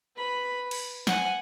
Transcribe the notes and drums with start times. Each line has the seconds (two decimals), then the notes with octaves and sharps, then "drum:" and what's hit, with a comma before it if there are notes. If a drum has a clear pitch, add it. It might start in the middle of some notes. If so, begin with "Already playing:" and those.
0.16 B4 B5
0.71 drum: cymbal
1.07 F#5 G#5, drum: snare